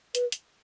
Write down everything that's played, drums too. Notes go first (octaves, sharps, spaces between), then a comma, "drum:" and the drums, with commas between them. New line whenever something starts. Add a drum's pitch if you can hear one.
B4, drum: hi-hat
drum: hi-hat